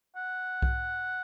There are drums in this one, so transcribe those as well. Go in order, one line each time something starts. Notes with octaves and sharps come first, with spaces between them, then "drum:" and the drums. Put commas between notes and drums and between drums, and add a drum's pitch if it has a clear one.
F#5
drum: kick B1